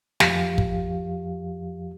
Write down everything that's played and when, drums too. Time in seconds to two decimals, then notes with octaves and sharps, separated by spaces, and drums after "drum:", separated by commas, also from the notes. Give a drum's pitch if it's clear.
0.20 F2 F3 G4 F5, drum: snare
0.58 drum: kick